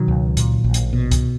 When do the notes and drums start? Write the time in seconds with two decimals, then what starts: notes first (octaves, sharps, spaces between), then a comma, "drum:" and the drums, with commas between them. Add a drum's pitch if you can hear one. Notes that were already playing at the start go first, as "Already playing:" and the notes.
Already playing: B2 D#3 F#3
0.08 C#2
0.37 A#2, drum: hi-hat
0.64 A#1
0.74 drum: hi-hat
0.93 B2
1.11 drum: kick C2, hi-hat